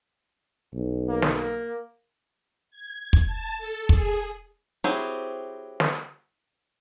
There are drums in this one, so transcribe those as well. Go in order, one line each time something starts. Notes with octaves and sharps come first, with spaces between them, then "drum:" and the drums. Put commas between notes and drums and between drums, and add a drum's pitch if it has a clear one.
B1
A#3
drum: snare
G#6
drum: kick
A5
A4
G#4, drum: kick
F#3 C4 E4 G4 G#4
drum: snare